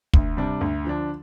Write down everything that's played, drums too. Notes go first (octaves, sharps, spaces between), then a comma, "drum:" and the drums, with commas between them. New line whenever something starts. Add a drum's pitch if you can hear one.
D2, drum: kick
C3 G3 D4
D2
D3 F3 D4